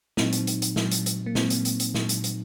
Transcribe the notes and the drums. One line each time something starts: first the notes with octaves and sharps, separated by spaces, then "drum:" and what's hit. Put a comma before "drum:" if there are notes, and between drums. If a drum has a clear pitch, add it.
A#2 F#3 C4 D#4, drum: snare
drum: hi-hat
drum: hi-hat
drum: hi-hat
A#2 F#3, drum: snare
drum: hi-hat
drum: hi-hat
A#3
A#2 F#3 C4, drum: snare
drum: hi-hat
drum: hi-hat
drum: hi-hat
A#2 F#3, drum: snare
drum: hi-hat
drum: hi-hat